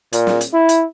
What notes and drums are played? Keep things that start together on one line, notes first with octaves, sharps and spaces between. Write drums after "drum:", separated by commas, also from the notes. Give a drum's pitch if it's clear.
A#2, drum: hi-hat
drum: snare
drum: hi-hat
E4
drum: hi-hat